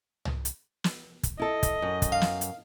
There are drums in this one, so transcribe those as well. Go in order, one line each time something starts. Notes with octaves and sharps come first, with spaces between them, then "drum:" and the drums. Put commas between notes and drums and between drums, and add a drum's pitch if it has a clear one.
drum: tom
drum: hi-hat
drum: snare
drum: kick, hi-hat
E4 A4 D#5
drum: kick, hi-hat
F#2
drum: kick, hi-hat
F5
drum: snare
drum: hi-hat